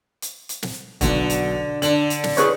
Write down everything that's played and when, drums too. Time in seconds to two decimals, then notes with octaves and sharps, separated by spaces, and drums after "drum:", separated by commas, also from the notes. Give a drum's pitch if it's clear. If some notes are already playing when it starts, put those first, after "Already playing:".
0.22 drum: hi-hat
0.49 drum: hi-hat
0.63 drum: snare
1.01 B1 B2 D3 F#4, drum: kick F1, hi-hat
1.30 drum: hi-hat
1.82 D3 D4 F#7, drum: hi-hat
2.10 drum: hi-hat
2.24 drum: snare
2.37 G#4 B4 C#5, drum: hi-hat